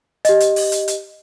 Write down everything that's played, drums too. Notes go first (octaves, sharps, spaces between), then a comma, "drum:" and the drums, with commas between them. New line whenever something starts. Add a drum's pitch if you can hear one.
G4 D#5, drum: hi-hat
drum: hi-hat
drum: open hi-hat
drum: hi-hat
drum: hi-hat